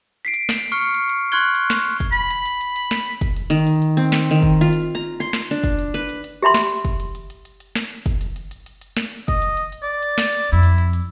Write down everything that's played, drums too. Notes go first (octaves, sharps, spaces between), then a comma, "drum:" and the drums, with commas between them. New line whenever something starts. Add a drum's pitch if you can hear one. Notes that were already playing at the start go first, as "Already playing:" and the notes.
B6 C7 D7
drum: hi-hat
drum: snare
C#6 F6 C7 C#7
drum: hi-hat
drum: hi-hat
C6 C#6 F6 F#6 G#6 G7
drum: hi-hat
drum: snare
drum: hi-hat
drum: kick, hi-hat
B5, drum: hi-hat
drum: hi-hat
drum: hi-hat
drum: hi-hat
drum: hi-hat
drum: snare
drum: hi-hat
drum: kick, hi-hat
drum: hi-hat
D#3, drum: hi-hat
drum: hi-hat
drum: hi-hat
C4, drum: hi-hat
drum: snare
D#3
drum: kick
F4
drum: hi-hat
A#5
C6
drum: snare
D4, drum: hi-hat
drum: kick, hi-hat
drum: hi-hat
B4, drum: hi-hat
drum: hi-hat
drum: hi-hat
G4 E5 B5 C6
drum: snare
drum: hi-hat
drum: kick, hi-hat
drum: hi-hat
drum: hi-hat
drum: hi-hat
drum: hi-hat
drum: hi-hat
drum: snare
drum: hi-hat
drum: kick, hi-hat
drum: hi-hat
drum: hi-hat
drum: hi-hat
drum: hi-hat
drum: hi-hat
drum: snare
drum: hi-hat
D#5, drum: kick, hi-hat
drum: hi-hat
drum: hi-hat
drum: hi-hat
D5
drum: hi-hat
drum: snare
drum: hi-hat
F2 E4
drum: hi-hat
drum: hi-hat
drum: hi-hat